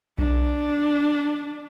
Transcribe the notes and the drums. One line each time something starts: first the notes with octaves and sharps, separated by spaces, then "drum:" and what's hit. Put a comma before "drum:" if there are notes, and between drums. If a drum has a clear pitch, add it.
D4, drum: kick B1